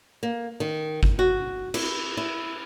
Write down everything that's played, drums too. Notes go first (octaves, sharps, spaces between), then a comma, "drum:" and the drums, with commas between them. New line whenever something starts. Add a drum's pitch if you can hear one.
A#3
D#3
drum: kick G1
F#4
E4, drum: cymbal
E4